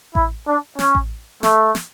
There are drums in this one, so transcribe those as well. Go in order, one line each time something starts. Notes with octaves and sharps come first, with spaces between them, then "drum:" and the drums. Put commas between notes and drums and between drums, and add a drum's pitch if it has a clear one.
E4, drum: kick A1
D4
C#4, drum: snare
drum: kick A1
A3, drum: snare
drum: snare